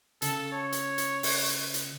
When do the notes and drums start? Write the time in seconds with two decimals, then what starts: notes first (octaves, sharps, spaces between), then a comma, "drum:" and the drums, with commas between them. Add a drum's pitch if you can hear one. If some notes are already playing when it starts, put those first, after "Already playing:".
0.22 C#3 A4, drum: hi-hat
0.52 C#5
0.72 drum: hi-hat
0.98 drum: hi-hat
1.23 drum: open hi-hat
1.49 drum: hi-hat
1.74 drum: hi-hat